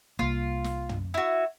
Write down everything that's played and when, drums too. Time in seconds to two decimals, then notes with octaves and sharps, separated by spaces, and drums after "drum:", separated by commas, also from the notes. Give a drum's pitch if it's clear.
0.19 C2 A#3 F4
0.64 drum: snare
0.89 drum: tom
1.14 E4 F#4